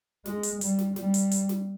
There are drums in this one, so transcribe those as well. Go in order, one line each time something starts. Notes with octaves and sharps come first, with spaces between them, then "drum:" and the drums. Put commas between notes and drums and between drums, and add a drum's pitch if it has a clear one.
G#3, drum: snare
drum: hi-hat
G3, drum: hi-hat
drum: snare
G3, drum: snare
drum: hi-hat
drum: hi-hat
drum: snare